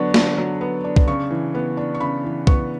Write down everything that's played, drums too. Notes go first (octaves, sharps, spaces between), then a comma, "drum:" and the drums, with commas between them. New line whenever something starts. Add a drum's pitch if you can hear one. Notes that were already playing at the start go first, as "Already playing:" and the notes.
Already playing: D3 F#3 B3 D4 C#6
D3, drum: snare
F#3
B3
D4
drum: kick
C#3 C#6
E3
B3
D4
C#6
C#3 B5
E3
B3 C#6, drum: kick